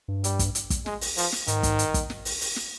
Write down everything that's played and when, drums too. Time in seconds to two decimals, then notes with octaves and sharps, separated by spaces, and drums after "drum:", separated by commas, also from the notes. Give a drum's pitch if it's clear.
0.08 G2
0.24 G3, drum: hi-hat
0.39 drum: kick, hi-hat
0.55 drum: hi-hat
0.70 drum: kick, hi-hat
0.86 G#3, drum: snare
1.01 drum: open hi-hat
1.17 F3, drum: open hi-hat
1.32 drum: snare
1.48 G#2 D#3, drum: hi-hat
1.63 drum: kick, hi-hat
1.79 drum: hi-hat
1.94 drum: kick, hi-hat
2.10 drum: snare
2.25 drum: open hi-hat
2.41 drum: open hi-hat
2.56 drum: snare